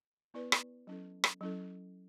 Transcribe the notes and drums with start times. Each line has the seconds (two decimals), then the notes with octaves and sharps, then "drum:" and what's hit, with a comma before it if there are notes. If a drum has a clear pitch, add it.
0.34 B3 E4 B4 D5
0.52 drum: rim click
0.87 F#3 C#4 E4 A4
1.24 drum: rim click
1.41 F#3 C#4 E4 A4